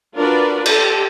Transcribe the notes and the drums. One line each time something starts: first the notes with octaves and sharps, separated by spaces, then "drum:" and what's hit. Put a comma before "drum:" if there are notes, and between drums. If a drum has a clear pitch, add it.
D4 F4 F#4 A#4 B4 D5
G4 A4, drum: cymbal